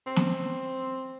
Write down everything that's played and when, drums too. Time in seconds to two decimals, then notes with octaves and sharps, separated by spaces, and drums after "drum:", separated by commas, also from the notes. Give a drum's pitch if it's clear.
0.07 C4
0.16 drum: snare